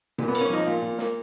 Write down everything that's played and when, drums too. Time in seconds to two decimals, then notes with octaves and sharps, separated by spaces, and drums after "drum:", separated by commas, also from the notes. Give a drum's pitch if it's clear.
0.18 A#2, drum: tom B2
0.28 B3
0.35 A#3, drum: cymbal
0.41 C#4
0.50 F3 D#4
0.66 A#2 F4
0.82 A#2
0.98 A#3, drum: snare